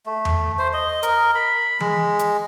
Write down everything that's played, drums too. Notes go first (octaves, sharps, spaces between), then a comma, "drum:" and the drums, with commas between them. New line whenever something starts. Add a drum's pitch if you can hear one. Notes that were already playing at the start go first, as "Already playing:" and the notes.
A3
drum: tom E2
C5
D#5
A#4, drum: hi-hat
B5
G#3, drum: tom E3
drum: hi-hat